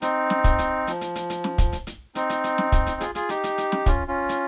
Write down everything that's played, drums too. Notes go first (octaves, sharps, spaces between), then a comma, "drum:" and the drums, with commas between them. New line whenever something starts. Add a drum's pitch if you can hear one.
C4 D#4, drum: hi-hat
drum: snare
drum: kick, hi-hat
drum: hi-hat
F3, drum: hi-hat
drum: hi-hat
drum: hi-hat
drum: hi-hat
drum: snare
drum: kick, hi-hat
drum: hi-hat
drum: hi-hat
C4 D#4, drum: hi-hat
drum: hi-hat
drum: hi-hat
drum: snare
drum: kick, hi-hat
drum: hi-hat
F4 G#4, drum: hi-hat
F4 G#4, drum: hi-hat
D#4 G4, drum: hi-hat
drum: hi-hat
drum: hi-hat
drum: snare
C#4 F4, drum: kick, hi-hat
C#4 F4
drum: hi-hat